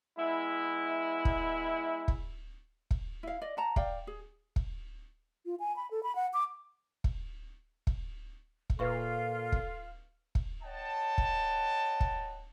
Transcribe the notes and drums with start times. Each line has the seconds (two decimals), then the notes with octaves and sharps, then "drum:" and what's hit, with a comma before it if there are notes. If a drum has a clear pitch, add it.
0.18 G#3 B3 E4
1.25 drum: kick
2.08 drum: kick
2.91 drum: kick
3.23 E4 F5
3.42 D5 D#5
3.57 F#5 A5 A#5
3.76 D5 F5 G5, drum: kick
4.07 G#4
4.56 drum: kick
5.46 F4
5.60 G#5
5.76 B5
5.91 A4
6.03 B5
6.15 F#5
6.33 D6
7.04 drum: kick
7.87 drum: kick
8.70 drum: kick
8.79 A#2 F4 A4 B4 E5 C#6
9.52 drum: kick
10.35 drum: kick
10.63 C#5 D#5 F#5 G5 A5
11.18 drum: kick
12.00 drum: kick